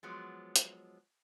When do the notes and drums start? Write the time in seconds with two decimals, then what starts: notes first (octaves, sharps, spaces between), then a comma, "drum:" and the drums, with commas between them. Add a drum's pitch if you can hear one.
0.03 F3 F#3 G#3 B3
0.56 drum: hi-hat